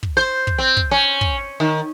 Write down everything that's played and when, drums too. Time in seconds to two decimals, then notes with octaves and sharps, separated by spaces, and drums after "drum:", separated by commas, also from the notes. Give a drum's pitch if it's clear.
0.03 drum: kick
0.17 C5
0.47 drum: kick
0.58 C4
0.77 drum: kick
0.91 C#4
1.21 drum: kick
1.60 D#3